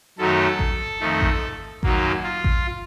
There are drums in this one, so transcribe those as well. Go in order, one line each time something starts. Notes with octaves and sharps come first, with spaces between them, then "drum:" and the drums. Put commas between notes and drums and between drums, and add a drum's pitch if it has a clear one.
F#2 D#3 F#3 A3 A4
drum: kick A1
F2 D#3 A3
drum: kick A1
F#2 D#3 F#3 A#3, drum: kick A1
F4
drum: kick A1